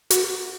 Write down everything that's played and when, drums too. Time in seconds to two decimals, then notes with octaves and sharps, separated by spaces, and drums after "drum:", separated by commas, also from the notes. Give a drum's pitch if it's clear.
0.10 F#4, drum: hi-hat